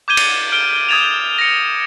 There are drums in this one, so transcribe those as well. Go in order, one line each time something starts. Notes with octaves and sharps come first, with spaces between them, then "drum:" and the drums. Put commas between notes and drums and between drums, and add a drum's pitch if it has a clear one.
D6 G6 G#6 D#7 G7
drum: cymbal
F6 D7 G7
D#6 G#6 A6 E7 F7
A#6 C#7